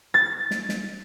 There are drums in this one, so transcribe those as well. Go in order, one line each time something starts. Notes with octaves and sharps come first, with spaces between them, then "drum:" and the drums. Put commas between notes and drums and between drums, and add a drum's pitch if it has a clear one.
A6
drum: snare
drum: snare